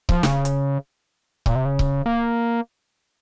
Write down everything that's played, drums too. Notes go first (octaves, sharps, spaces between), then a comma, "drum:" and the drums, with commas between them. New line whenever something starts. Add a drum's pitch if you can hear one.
F3, drum: kick C#1
C#3, drum: snare
drum: hi-hat
A#2, drum: kick C#1
C3
C#3
drum: kick C#1
A#3